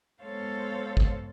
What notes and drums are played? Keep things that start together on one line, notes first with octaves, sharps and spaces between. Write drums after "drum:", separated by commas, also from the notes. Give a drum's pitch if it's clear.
G#3 B3 A4 C5 C#5 F5
drum: kick